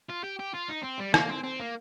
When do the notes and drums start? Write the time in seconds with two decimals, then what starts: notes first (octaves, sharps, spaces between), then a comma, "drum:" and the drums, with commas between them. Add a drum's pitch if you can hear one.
0.10 F4
0.24 G4
0.40 G4
0.54 F4
0.70 D#4
0.84 C4
1.00 G3
1.14 A#3, drum: rim click
1.29 C4
1.44 C4
1.60 A#3